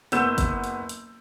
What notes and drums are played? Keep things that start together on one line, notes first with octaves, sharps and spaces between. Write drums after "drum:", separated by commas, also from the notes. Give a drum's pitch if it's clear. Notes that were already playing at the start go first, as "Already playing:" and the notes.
F#1 B3 E6 G6 E7, drum: hi-hat
drum: kick, hi-hat
drum: hi-hat
drum: hi-hat